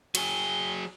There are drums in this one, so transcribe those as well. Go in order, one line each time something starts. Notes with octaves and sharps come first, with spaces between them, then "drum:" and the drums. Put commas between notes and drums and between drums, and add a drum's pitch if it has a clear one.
F#3 G#4 G7, drum: cymbal